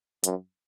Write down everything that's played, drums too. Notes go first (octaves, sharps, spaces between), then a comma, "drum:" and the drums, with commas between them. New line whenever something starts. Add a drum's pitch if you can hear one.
F#2, drum: hi-hat